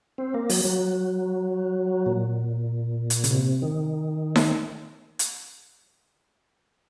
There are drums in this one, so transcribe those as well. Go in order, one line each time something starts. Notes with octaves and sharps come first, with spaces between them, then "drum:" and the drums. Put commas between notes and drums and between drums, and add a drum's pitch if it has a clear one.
C4
A#3
F#3, drum: open hi-hat
F#3
A#2
drum: hi-hat
C#3, drum: hi-hat
C3
D#3
drum: snare D#4
drum: hi-hat